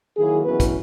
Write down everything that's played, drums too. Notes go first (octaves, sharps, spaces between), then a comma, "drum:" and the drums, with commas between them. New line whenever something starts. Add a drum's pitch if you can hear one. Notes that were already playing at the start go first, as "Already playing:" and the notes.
D#3 F#3 A#3 E4 G#4
E2 B2 F#3 C#4 E4 B4
drum: kick, hi-hat